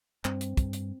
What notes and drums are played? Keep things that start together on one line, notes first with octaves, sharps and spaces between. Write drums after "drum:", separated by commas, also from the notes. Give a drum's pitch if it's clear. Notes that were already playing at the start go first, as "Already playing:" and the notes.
G2 C4, drum: clap
drum: hi-hat
G2, drum: kick, hi-hat
drum: hi-hat